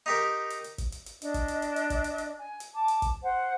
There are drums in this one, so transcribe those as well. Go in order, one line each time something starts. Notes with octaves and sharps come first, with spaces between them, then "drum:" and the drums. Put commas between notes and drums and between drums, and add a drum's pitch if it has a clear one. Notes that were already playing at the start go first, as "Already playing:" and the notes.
D#4 G4 A#4
drum: hi-hat
drum: hi-hat
drum: kick, hi-hat
drum: hi-hat
drum: hi-hat
D4 D#5, drum: hi-hat
drum: kick, hi-hat
drum: hi-hat
drum: hi-hat
drum: hi-hat
drum: kick, hi-hat
drum: hi-hat
drum: hi-hat
G#5
drum: hi-hat
A5 D6
drum: hi-hat
drum: kick, hi-hat
C5 F#5